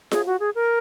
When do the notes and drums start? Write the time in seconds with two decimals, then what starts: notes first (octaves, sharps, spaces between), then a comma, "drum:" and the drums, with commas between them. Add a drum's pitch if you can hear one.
0.11 G#4, drum: snare F4
0.26 F#4
0.40 G#4
0.55 A#4